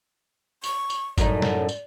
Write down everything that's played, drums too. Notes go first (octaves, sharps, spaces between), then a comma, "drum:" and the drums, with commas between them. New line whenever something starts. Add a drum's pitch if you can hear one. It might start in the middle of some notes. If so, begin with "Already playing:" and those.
C#6, drum: tambourine
drum: tambourine
F#2 A2 D#4 D5, drum: kick, tambourine
drum: snare
drum: tambourine